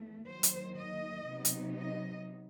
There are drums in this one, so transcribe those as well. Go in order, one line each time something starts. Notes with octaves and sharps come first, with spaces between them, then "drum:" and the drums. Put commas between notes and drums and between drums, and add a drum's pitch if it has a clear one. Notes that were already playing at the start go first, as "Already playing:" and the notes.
Already playing: E2 A3
D#2 D#3 F#3 C5
drum: hi-hat
D#5
C3 F#3 B3 D#4
drum: hi-hat
D#5